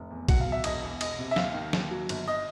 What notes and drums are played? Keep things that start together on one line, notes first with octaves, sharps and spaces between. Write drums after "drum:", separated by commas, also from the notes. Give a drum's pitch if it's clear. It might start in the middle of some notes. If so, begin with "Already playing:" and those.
Already playing: F1
E2
F#3 F#5, drum: kick A#1, cymbal
F5
B2
E5
E1 D#5, drum: cymbal
E2
E1 D#5, drum: cymbal
C3
E5
D#2 F5, drum: snare
D#3
D#2, drum: snare
F#3
G1, drum: cymbal
D#5